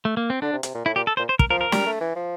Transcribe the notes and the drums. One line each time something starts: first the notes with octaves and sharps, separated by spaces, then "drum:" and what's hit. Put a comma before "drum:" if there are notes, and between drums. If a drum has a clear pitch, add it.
A3
A#3
C4
D3 D4
C3
C3, drum: hi-hat
A#2
A2 E4
A#2 G4
A4
A#2 C5
C5
A#4, drum: kick
F3 A#4
A#4
G3, drum: snare
A3
E3
F3